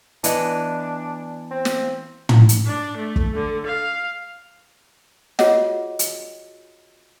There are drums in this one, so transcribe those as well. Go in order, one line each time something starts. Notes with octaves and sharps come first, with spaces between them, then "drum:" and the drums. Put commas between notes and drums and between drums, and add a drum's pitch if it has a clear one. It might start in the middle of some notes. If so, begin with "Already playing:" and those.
E3 B3 D4 D#5, drum: hi-hat
C4
drum: snare
drum: tom
drum: hi-hat
D4
A3
drum: kick
D3
F5
F4 F#4 G#4 C#5 D#5 F#5, drum: snare
drum: hi-hat